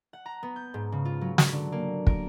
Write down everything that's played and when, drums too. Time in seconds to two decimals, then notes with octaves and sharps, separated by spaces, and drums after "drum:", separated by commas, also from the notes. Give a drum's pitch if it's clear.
0.13 F#5
0.26 A#5
0.43 B3
0.56 G6
0.74 G#2
0.92 C#3
1.05 F4
1.21 F#3
1.38 F#3, drum: snare
1.52 D3
1.72 A#3
2.07 A#4, drum: kick